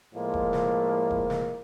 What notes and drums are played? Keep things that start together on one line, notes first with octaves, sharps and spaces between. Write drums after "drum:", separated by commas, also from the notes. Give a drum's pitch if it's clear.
A2 F3 G#3 A#3
drum: kick E1
drum: snare
drum: kick E1
drum: snare